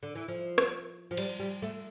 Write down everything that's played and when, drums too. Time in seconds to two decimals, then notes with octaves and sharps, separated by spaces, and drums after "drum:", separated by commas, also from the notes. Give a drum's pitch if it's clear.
0.03 D3
0.15 E3
0.28 F3
0.58 drum: rim click
1.11 F3
1.17 G3, drum: cymbal
1.40 G3
1.62 A3